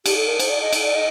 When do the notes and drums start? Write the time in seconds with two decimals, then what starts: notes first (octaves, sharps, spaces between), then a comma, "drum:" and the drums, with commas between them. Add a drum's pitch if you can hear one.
0.06 G4, drum: cymbal
0.17 A4
0.27 A#4
0.39 C5, drum: cymbal
0.50 D5
0.62 D#5
0.73 drum: cymbal
0.84 D5
0.95 D#5